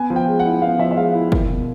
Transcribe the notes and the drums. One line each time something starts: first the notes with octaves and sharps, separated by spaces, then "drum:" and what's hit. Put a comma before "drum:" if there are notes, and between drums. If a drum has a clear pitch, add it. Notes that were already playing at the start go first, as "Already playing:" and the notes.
Already playing: B3 G#5
F3
G5
G#3
F#5
E4
B3 F5
F3 E5
E5
G#3 F5
E4
A#3, drum: kick
B2